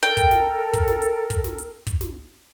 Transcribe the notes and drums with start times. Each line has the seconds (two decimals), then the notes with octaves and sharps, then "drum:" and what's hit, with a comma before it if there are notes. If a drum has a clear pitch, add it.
0.03 A4 A#4 G5
0.17 drum: kick, hi-hat
0.31 drum: snare
0.73 drum: kick, hi-hat
0.88 drum: snare
1.02 drum: hi-hat
1.30 drum: kick, hi-hat
1.44 drum: snare
1.58 drum: hi-hat
1.87 drum: kick, hi-hat
2.01 drum: snare